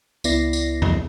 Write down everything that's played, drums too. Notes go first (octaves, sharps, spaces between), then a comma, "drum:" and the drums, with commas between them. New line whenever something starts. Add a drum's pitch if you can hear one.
C#2 B3 E4 D5 A#6 C7, drum: tambourine
drum: tambourine
drum: tom E2